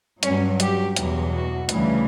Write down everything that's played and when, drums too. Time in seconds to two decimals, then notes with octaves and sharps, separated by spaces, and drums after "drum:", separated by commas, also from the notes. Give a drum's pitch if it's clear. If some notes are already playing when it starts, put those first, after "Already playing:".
0.23 G2 F#3 C#4, drum: hi-hat
0.60 G4, drum: hi-hat
0.96 E2 B2 F#3, drum: hi-hat
1.33 F#4
1.69 D2 C#3 E3 G3, drum: hi-hat